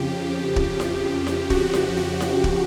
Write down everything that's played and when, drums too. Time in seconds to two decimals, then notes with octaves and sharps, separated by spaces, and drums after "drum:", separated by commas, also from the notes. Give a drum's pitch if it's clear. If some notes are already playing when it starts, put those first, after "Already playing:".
Already playing: F2 C#3 F3 G4
0.56 drum: kick
0.80 drum: snare E4
1.27 drum: snare E4
1.50 F#4, drum: kick
1.73 drum: snare E4
1.97 F#4
2.20 drum: snare E4
2.44 drum: kick